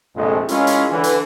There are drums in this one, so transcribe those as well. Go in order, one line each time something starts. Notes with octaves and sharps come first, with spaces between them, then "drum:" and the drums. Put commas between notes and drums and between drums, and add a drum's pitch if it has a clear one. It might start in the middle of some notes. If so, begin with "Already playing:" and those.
A#1 F2 C3 G#3 A3
G#3 C#4 E4 F4 A#4, drum: hi-hat
drum: hi-hat
D3 E3
drum: hi-hat